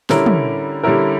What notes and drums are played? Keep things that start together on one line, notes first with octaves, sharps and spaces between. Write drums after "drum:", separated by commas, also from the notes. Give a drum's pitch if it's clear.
D3 G3 C#4 E4 A#4, drum: snare
drum: tom
D3 G3 C#4 E4 A#4